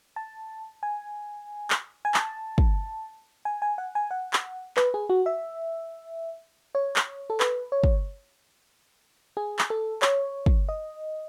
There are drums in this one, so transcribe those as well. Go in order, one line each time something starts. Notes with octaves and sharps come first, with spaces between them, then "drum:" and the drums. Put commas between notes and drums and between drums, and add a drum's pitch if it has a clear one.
A5
G#5
drum: clap
G#5
A5, drum: clap
drum: kick
G#5
G#5
F#5
G#5
F#5
drum: clap
B4, drum: clap
G#4
F#4
E5
C#5
drum: clap
A4
B4, drum: clap
C#5
drum: kick
G#4
drum: clap
A4
C#5, drum: clap
drum: kick
D#5